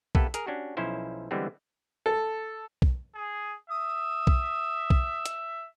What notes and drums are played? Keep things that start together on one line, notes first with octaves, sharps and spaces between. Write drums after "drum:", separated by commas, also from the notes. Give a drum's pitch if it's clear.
A#3 B3 G4 A4 B4 E5, drum: kick B1
G#4 A#4, drum: hi-hat
C#4 D4 F#4 G4
B1 F3 C#4 E4 C5 E5
D3 E3 G3 G#3 B3 C4
A4
drum: kick B1
G#4
E5 D#6
drum: kick B1
drum: kick B1
drum: hi-hat